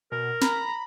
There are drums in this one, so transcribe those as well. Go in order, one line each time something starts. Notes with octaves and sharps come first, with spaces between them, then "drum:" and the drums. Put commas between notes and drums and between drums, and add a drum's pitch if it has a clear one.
B2 A#4
A#5 B5, drum: snare